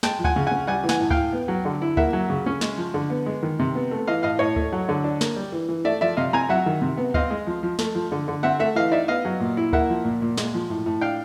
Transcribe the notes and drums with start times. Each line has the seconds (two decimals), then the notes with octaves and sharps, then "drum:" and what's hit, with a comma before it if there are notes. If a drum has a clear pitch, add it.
0.03 G#3 G5 A5, drum: snare
0.19 F3
0.24 F#5 G#5, drum: kick D2
0.36 C#3
0.47 C#4 F#5 G#5
0.67 G3 F#5 G#5
0.84 E3
0.89 F#5 G#5, drum: snare
1.00 A2
1.10 F5 G5, drum: kick D2
1.17 A2
1.33 B3
1.48 F#3
1.65 D3
1.82 E4
1.97 A#3 E5 F#5, drum: kick D2
2.13 F#3
2.30 C#3
2.46 C#4
2.61 G#3, drum: snare
2.78 F3
2.94 D3
3.10 B3
3.26 G#3
3.43 D#3
3.59 C3
3.75 B3
3.91 A3
4.07 E3 D#5 F5
4.23 A2 D#5 F5
4.39 A2 C#5 D#5
4.56 A3, drum: kick D2
4.73 F#3
4.89 D3
5.04 D4
5.21 A#3, drum: snare
5.36 G3
5.52 E3
5.69 E3
5.85 A3 D5 E5
6.01 F3 D5 E5
6.17 C3 D#5 F5
6.33 C4 G#5 A#5
6.49 F#3 E5 F#5
6.66 D#3
6.82 C3
6.98 B3
7.14 C4 D#5 F5, drum: kick D2
7.30 G#3
7.47 F3
7.63 F3
7.79 A3, drum: snare
7.95 F3
8.12 D3
8.28 D3
8.43 C4 E5 F#5
8.59 A3 E5 F#5
8.76 E3 D#5 F5
8.92 D#4 D5 E5
9.08 B3 D#5 F5
9.25 F#3
9.40 A#2
9.57 E4
9.73 A#3 E5 F#5, drum: kick D2
9.90 F3
10.05 A#2
10.22 A#2
10.38 G#3, drum: snare
10.54 F3
10.70 A2
10.86 A2
11.01 D4 F5 G5